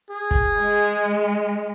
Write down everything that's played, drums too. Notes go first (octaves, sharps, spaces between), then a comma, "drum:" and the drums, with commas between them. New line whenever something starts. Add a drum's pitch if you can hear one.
G#4
drum: kick
G#3